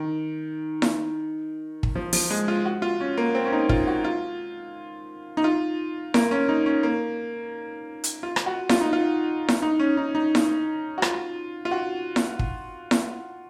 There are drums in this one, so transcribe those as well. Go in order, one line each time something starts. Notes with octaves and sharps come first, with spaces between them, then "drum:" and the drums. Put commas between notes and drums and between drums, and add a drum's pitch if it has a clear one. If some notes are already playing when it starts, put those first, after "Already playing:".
Already playing: D#3
drum: snare E4
drum: kick
F3
F3, drum: open hi-hat
G#3
F4
F#4
F4
C#4
A#3
C4
C#4
D#4
F4, drum: kick
F#4
F4
D#4
F4
A#3, drum: snare E4
C#4
D#4
C#4
A#3
drum: hi-hat
F4
drum: rim click
F#4
F4, drum: snare E4
D#4
F4
drum: snare E4
D#4
C#4
D#4
D#4
drum: snare E4
F#4
F4, drum: rim click
F4
F#4
drum: snare E4
drum: kick
drum: snare E4